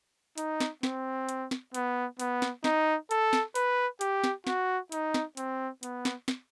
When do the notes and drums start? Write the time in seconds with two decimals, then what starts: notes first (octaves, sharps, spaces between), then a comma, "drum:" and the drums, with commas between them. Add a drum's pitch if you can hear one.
0.38 D#4, drum: hi-hat
0.61 drum: snare
0.83 C4, drum: snare
1.29 drum: hi-hat
1.51 drum: snare
1.74 B3, drum: hi-hat
2.20 B3, drum: hi-hat
2.42 drum: snare
2.64 D#4, drum: snare
3.11 A4, drum: hi-hat
3.33 drum: snare
3.55 B4, drum: hi-hat
4.01 G4, drum: hi-hat
4.24 drum: snare
4.47 F#4, drum: snare
4.92 D#4, drum: hi-hat
5.14 drum: snare
5.37 C4, drum: hi-hat
5.83 B3, drum: hi-hat
6.05 drum: snare
6.28 drum: snare